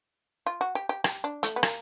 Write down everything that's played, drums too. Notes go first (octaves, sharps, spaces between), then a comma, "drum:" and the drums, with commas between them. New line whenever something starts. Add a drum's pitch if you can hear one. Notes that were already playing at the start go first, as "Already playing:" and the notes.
F4
F#4
G4
G4
G4, drum: rim click
D4
A3, drum: hi-hat
B3
A#3, drum: rim click